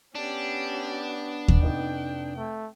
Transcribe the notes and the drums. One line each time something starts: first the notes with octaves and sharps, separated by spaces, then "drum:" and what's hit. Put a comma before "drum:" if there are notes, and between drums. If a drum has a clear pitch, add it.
B3 C#4 D4 G4
drum: kick D#2
F1 D#4 G5
A3